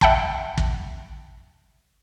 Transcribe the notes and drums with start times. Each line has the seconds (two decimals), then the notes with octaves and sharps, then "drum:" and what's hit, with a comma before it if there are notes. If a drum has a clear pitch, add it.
0.01 E5 F#5 G5 A5 B5, drum: kick
0.58 drum: kick